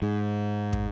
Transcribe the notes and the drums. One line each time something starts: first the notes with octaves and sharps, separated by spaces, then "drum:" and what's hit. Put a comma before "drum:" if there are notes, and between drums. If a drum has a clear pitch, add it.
G#2
drum: kick